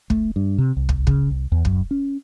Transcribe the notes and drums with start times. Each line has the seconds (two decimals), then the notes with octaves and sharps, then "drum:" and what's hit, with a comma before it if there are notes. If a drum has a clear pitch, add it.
0.10 A3, drum: kick
0.36 G2
0.58 C3
0.77 C2
0.89 drum: kick
1.07 C#3, drum: kick
1.30 C2
1.52 E2
1.65 F#2, drum: kick
1.91 C#4